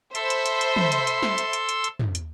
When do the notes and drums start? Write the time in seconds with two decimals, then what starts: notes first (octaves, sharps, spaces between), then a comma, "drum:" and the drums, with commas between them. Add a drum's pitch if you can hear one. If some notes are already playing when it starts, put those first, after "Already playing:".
0.15 A4 C5 E5 B5 C6 E6, drum: hi-hat
0.30 drum: hi-hat
0.46 drum: hi-hat
0.61 drum: hi-hat
0.76 drum: tom
0.92 drum: hi-hat
1.07 drum: hi-hat
1.23 drum: snare
1.38 drum: hi-hat
1.53 drum: hi-hat
1.69 drum: hi-hat
1.84 drum: hi-hat
1.99 drum: tom
2.15 drum: hi-hat